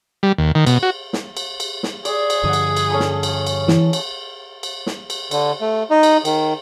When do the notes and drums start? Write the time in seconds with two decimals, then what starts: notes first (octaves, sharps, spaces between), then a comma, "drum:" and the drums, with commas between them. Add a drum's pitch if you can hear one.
0.23 G3
0.38 D#2
0.55 D#3
0.67 B2, drum: cymbal
0.83 F#4
1.13 drum: snare
1.37 drum: cymbal
1.60 drum: cymbal
1.83 drum: snare
2.05 G#4 D5, drum: cymbal
2.30 drum: cymbal
2.44 G2 D3 F3 D#5 F#5
2.53 drum: cymbal
2.77 drum: cymbal
2.90 C#4 A4 B5
3.00 drum: snare
3.23 drum: cymbal
3.47 drum: cymbal
3.68 E3, drum: snare
3.93 drum: cymbal
4.63 drum: cymbal
4.86 drum: snare
5.10 drum: cymbal
5.31 D3, drum: cymbal
5.61 A3
5.90 D#4
6.03 drum: cymbal
6.25 D#3, drum: cymbal